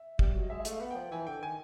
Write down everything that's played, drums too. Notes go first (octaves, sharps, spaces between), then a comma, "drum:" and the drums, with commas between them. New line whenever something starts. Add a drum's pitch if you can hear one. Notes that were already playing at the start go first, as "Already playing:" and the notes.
Already playing: E5
G3, drum: kick
F#3
D#5
G#3 E5
E5
A3, drum: hi-hat
F5
B3 F#5
G5
F3
E3 G#5
D3 G5
D#3 G#5